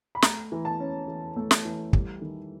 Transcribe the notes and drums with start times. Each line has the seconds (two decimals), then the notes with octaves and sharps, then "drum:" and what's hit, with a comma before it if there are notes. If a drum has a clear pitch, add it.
0.15 B5
0.22 A3 A#5, drum: snare
0.52 E3
0.65 A5
0.80 C#4
1.08 E3
1.36 A3
1.51 drum: snare
1.65 E3
1.93 G3, drum: kick
2.22 D#3